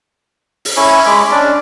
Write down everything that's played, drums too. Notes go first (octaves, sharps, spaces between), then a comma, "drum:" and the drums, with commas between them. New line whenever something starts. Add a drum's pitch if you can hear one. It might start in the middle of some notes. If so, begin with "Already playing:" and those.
drum: open hi-hat
C#4 E4 C#5 G#5
G#3 B5 D6
C#4 D4 D5